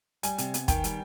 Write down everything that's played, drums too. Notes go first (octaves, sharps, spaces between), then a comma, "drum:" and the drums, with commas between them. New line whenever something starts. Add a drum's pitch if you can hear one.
G3 G#5, drum: hi-hat
C3, drum: hi-hat
B3, drum: hi-hat
D#3 G5, drum: kick, hi-hat
G3, drum: hi-hat